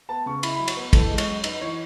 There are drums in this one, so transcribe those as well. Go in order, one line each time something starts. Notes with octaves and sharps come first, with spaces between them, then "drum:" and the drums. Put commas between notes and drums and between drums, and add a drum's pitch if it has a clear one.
B3 A5
C#3 C#6
E4 B5, drum: cymbal
F#3 B5
C#5, drum: cymbal
B3 B4
E3 A4, drum: kick, cymbal
G#3
C#5, drum: cymbal
F#2
D#4 B4, drum: cymbal
E3 C#5